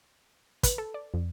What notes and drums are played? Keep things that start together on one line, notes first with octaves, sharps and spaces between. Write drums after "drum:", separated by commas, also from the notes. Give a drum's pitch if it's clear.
B4, drum: kick, hi-hat
A4
D5
F2